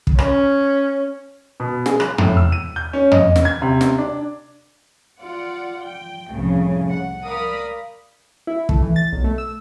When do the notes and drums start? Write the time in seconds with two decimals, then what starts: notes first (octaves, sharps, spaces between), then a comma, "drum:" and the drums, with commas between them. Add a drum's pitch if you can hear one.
0.07 drum: kick
0.19 C#4, drum: rim click
1.60 B2
1.86 G#4, drum: snare
2.00 F#6, drum: rim click
2.18 A2, drum: tom
2.37 E6
2.52 D#7
2.76 G6
2.93 C#4
3.11 D#5, drum: tom
3.36 drum: snare
3.45 G#6
3.62 C3
3.81 drum: snare
3.98 D4
5.20 F4 D5 F#5
5.81 G5
6.30 C2 F2 A2 C#3
6.90 F#5
7.25 A#4 D5 F5 B5 D#6
8.47 E4
8.69 A3, drum: kick
8.82 E3
8.96 A6
9.12 B1
9.24 A3
9.38 E6